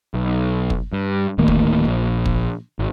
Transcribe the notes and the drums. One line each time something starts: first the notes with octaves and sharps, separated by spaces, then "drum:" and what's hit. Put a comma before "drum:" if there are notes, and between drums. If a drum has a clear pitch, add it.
B1
drum: kick
G2
D1 D#3 A3 A#3
drum: kick
A#1
drum: kick
G#1